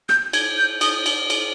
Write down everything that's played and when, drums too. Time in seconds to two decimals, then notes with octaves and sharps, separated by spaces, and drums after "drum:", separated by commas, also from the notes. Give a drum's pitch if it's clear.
0.09 G6, drum: rim click
0.33 G#6, drum: cymbal
0.58 G6
0.81 D#6, drum: cymbal
1.06 drum: cymbal
1.30 drum: cymbal